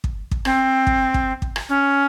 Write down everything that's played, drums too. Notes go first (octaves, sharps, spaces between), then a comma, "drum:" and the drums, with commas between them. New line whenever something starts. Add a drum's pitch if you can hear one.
drum: kick
drum: kick
C4, drum: rim click
drum: kick
drum: kick
drum: kick
drum: rim click
C#4